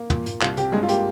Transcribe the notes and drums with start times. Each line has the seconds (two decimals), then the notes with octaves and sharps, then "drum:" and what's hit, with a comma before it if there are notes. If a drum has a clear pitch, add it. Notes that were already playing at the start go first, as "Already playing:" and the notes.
Already playing: A#3
0.10 A#2, drum: tom
0.26 A#2, drum: hi-hat
0.41 C2 F4, drum: clap
0.57 C3 G4, drum: hi-hat
0.72 G2 G#3 G#4
0.83 F4
0.88 A#3 G4, drum: hi-hat